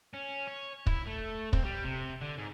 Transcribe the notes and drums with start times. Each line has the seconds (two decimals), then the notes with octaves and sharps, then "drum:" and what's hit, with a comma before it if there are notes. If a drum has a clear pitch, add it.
0.14 C#4
0.48 C#5
0.87 E4, drum: kick
1.07 A3
1.53 C4, drum: kick
1.65 G3
1.84 C3
2.21 D3
2.38 G#2